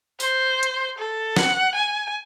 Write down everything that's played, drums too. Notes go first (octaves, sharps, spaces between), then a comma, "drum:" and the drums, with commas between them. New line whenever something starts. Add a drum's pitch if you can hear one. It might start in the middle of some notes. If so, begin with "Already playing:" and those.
C5, drum: tambourine
drum: hi-hat
A4
F#5, drum: snare
G#5